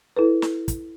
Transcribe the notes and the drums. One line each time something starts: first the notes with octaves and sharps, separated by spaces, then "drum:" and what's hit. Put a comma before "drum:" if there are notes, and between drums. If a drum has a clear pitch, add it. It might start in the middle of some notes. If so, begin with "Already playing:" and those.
E4 A4 B4
drum: snare
drum: kick, hi-hat